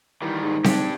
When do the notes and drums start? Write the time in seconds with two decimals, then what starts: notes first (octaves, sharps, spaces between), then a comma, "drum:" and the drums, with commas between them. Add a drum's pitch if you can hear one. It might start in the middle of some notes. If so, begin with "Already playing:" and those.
0.22 D#3 E3 G3
0.41 G#2
0.64 D4 G4, drum: snare C4